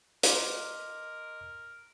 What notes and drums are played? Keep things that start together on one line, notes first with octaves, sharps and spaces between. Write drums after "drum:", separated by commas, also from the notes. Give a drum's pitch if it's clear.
A#4 D#5 C6 D6, drum: hi-hat